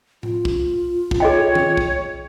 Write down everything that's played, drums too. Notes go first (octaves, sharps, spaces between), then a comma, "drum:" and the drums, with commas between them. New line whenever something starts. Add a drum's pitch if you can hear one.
F4, drum: tom A2
drum: kick
drum: kick
G#4 C#5 D#5 G5
drum: tom
drum: kick